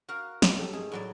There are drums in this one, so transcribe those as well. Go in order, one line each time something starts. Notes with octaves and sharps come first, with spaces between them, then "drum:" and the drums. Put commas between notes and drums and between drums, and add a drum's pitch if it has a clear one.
F#4 A#4 F5
B2 G5, drum: snare
C#4 G4 A4
G#1 G#4
A2 F#3 D5